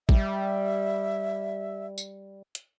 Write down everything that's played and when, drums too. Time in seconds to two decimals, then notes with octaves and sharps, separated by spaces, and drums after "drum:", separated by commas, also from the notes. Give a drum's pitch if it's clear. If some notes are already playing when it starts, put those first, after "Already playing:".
0.09 G3 E5, drum: kick G#1
1.98 drum: tambourine
2.55 drum: hi-hat